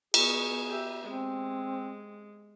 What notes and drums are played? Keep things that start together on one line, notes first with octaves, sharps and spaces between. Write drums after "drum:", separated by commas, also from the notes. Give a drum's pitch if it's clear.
B3 G#4 C#6, drum: cymbal
G4 E5
G#3 C4